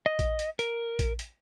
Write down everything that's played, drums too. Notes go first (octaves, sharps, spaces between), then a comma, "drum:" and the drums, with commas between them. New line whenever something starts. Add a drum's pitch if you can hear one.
D#5
drum: kick A#1, hi-hat
drum: hi-hat
A#4, drum: hi-hat
drum: kick A#1, hi-hat
drum: hi-hat